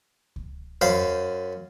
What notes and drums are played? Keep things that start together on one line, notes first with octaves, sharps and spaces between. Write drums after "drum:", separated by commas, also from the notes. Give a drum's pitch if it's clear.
drum: kick C#2
F#2 C5 F5 B5, drum: tom F2